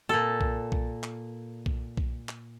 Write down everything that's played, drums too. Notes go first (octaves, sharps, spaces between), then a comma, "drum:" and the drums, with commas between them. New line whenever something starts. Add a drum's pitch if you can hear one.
A#2 A4
drum: kick B1
drum: kick B1
drum: clap
drum: kick B1
drum: kick B1
drum: clap